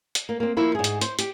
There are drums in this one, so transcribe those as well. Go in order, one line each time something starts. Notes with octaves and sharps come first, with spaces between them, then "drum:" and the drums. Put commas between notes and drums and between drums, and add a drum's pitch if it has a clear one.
drum: hi-hat
A#3
A#3 C4
F3 A#3 E4
G#2 G#4
drum: hi-hat
C5, drum: hi-hat
G4, drum: hi-hat